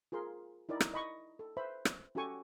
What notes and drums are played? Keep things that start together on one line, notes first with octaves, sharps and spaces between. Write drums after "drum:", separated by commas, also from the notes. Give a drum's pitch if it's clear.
F4 G#4 A#4 C6
D#4 E4 A#4 D5
drum: rim click
D#5 B5 C#6
A4
B4 C5 E5 B5
drum: rim click
C#4 F#4 G4 A4 G#5 C#6